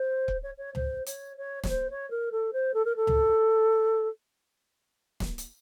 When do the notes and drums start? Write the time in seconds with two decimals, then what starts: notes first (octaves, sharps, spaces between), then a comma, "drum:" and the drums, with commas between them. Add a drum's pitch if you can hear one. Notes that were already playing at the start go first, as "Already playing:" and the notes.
Already playing: C5
0.28 drum: kick C#1
0.43 C#5
0.58 C#5
0.75 C5, drum: tom C#2
1.06 C#5, drum: hi-hat
1.38 C#5
1.64 C#5, drum: snare
1.69 C5
1.90 C#5
2.11 A#4
2.32 A4
2.53 C5
2.74 A4
2.85 A#4
2.96 A4
3.07 drum: tom C#2
5.20 drum: snare
5.38 drum: hi-hat